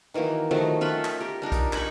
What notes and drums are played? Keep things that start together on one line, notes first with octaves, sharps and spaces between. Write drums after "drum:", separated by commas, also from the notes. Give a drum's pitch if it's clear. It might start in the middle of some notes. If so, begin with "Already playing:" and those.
D#3 E3 F#3 A#3
D#3 F3 F#3 A3
C#4 F4 E5 F#5
drum: clap
G4 A#4
G3 D4 D#4 A#4
drum: kick B1, hi-hat
D#4 B5 C#6, drum: clap